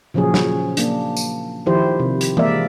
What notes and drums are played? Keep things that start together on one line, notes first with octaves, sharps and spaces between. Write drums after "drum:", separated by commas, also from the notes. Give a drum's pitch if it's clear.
A#2 C#3 F3 F#3 C#4 G#4
drum: snare
A#3 D4, drum: hi-hat
drum: tambourine
D#3 F3 E4 G4 C5
C3
drum: hi-hat
G#3 A#3 A#4 D5 E5, drum: tom E3